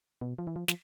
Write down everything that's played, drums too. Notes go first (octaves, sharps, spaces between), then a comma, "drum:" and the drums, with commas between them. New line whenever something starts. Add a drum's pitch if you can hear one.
B2
F3
E3
F3
F3, drum: snare